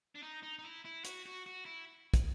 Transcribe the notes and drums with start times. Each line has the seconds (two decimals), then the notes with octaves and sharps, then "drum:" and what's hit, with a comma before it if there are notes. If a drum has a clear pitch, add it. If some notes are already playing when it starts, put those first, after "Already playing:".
0.15 D4
0.23 D#4
0.43 D#4
0.59 D#4
0.64 E4
0.85 E4
1.05 F#4, drum: hi-hat
1.26 F#4
1.46 F#4
1.65 E4
2.14 drum: kick, hi-hat